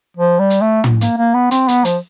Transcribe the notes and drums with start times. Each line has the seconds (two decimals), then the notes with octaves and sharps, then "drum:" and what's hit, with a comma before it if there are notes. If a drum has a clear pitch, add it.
0.17 F3
0.39 G3
0.50 drum: hi-hat
0.61 A3
0.84 drum: tom
1.01 A#3, drum: hi-hat
1.18 A#3
1.34 B3
1.51 C4, drum: hi-hat
1.68 B3, drum: hi-hat
1.85 F3, drum: hi-hat